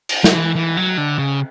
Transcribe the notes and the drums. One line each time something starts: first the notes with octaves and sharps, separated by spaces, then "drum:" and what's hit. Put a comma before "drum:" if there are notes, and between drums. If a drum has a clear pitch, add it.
drum: cymbal
F#3, drum: snare
E3
E3
F#3
D3
C#3